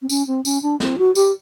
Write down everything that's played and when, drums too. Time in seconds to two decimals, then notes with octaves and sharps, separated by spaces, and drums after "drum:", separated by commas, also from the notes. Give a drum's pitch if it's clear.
0.02 C4
0.09 C#4, drum: tambourine
0.27 C4
0.45 C#4, drum: tambourine
0.62 D4
0.80 C4, drum: snare
0.98 F#4
1.15 G4, drum: tambourine